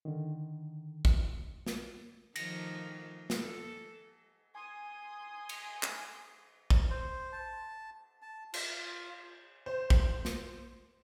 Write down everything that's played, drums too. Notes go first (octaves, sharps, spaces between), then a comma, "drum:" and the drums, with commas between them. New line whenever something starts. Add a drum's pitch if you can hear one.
D3 D#3
drum: kick
drum: snare
D#3 F3 A3 A#6 C#7, drum: cymbal
A4, drum: snare
G#5 C6 D#6
drum: cymbal
drum: clap
drum: kick
C5
A5
A5
F4, drum: cymbal
C5
drum: kick
drum: snare